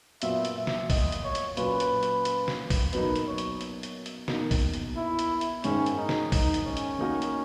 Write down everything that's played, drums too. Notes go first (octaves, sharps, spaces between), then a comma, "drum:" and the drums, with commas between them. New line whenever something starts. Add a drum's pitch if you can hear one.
A#2 F#3 B3 E5, drum: hi-hat
drum: hi-hat
E5
drum: snare
D#5, drum: kick, open hi-hat
drum: hi-hat
C#5
drum: hi-hat
A#2 F#3 C#4 B4, drum: hi-hat
drum: hi-hat
drum: hi-hat
drum: hi-hat
drum: snare
drum: kick, open hi-hat
B2 F#3 A#3 D#4 B4, drum: hi-hat
drum: hi-hat
C#5
drum: hi-hat
drum: hi-hat
drum: hi-hat
drum: hi-hat
B2 A#3 D#4, drum: snare
drum: kick, open hi-hat
drum: hi-hat
E4
drum: hi-hat
drum: hi-hat
G#2 D#3 G#3 C#4, drum: hi-hat
drum: hi-hat
D#4
drum: snare
D#4, drum: kick, open hi-hat
drum: hi-hat
C#4
drum: hi-hat
D#3 A#3 D#4 F#4 A#4
drum: hi-hat